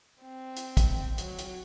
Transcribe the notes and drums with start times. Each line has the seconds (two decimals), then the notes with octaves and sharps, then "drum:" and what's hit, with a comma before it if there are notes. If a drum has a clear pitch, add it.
0.23 C4
0.56 drum: hi-hat
0.77 drum: kick, hi-hat
1.18 F#3, drum: hi-hat
1.38 drum: hi-hat